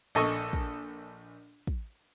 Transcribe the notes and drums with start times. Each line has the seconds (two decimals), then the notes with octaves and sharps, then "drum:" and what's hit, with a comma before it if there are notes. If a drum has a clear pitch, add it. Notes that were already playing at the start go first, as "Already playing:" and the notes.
0.15 A#1 A4 D#5 C#6
0.53 drum: kick
1.67 drum: kick